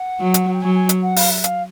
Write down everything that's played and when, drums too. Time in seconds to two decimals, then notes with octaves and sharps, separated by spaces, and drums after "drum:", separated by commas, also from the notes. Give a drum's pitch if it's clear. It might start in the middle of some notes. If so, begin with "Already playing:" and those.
Already playing: F#5
0.20 F#3
0.34 drum: hi-hat
0.53 G5
0.62 F#3 G#5
0.75 G#5
0.89 drum: hi-hat
1.02 F#5
1.16 F5, drum: open hi-hat
1.30 E5
1.44 F5, drum: hi-hat